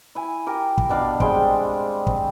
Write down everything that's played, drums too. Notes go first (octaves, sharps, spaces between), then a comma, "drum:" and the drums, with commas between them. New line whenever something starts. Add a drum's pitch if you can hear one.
E4 G#5
G4 A#4
drum: kick
B2 D4 F5 B5
G3 G#3 C4 G5, drum: kick
C4, drum: kick